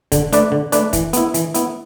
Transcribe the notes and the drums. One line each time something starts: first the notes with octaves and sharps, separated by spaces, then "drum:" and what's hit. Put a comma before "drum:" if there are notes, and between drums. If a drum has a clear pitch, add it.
D3, drum: kick, hi-hat
A3 D4 B4 D5, drum: hi-hat
D3
A3 D4 B4 D5, drum: hi-hat
E3, drum: kick, hi-hat
B3 E4, drum: hi-hat
E3, drum: hi-hat
B3 E4, drum: hi-hat